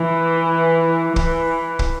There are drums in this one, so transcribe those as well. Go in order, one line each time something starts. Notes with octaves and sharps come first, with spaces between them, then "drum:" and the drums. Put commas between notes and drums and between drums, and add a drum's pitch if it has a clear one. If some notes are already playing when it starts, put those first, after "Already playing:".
Already playing: E3
E3, drum: kick
drum: kick